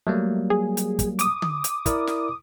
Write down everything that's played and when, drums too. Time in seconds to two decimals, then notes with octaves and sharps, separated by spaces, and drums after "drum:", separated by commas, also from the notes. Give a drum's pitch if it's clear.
0.07 F#3 G3 A3 A#3
0.50 G#4
0.77 drum: hi-hat
0.99 drum: kick, hi-hat
1.19 D6 D#6, drum: hi-hat
1.42 drum: tom D3
1.64 drum: hi-hat
1.86 E4 A#4 D5, drum: kick, hi-hat
2.07 drum: snare